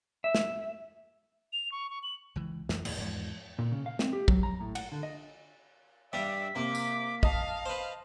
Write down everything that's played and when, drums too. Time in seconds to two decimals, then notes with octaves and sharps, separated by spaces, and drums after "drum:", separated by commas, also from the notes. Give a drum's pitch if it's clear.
0.24 E5
0.35 drum: snare
1.53 F7
1.72 C#6
1.90 C#6
2.03 F#7
2.36 C#2 E3
2.69 F2 E3 F3, drum: snare
2.85 D#2 A2, drum: cymbal
2.98 E2 G#2 F3
3.59 A#2
3.72 C#3
3.86 F5
3.99 C4, drum: snare
4.13 G4
4.28 F#3, drum: kick
4.43 A#5
4.61 A2
4.75 F#5, drum: cymbal
4.92 D3
5.03 D#5
6.13 G2 G3 D4 E5 B6
6.56 C3 A#3 D6
6.75 drum: tambourine
7.23 D#5 F5 A5, drum: kick
7.66 B4 C5